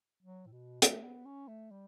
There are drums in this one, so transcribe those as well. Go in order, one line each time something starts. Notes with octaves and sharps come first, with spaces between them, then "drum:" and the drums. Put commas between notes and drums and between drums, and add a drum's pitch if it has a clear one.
F#3
A2
B2
A3, drum: hi-hat
B3
C#4
A3
G3